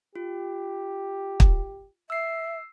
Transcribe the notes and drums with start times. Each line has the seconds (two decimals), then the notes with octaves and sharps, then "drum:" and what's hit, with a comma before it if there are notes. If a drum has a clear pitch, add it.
0.16 F4 G4
1.40 drum: kick
2.10 E5 E6 C7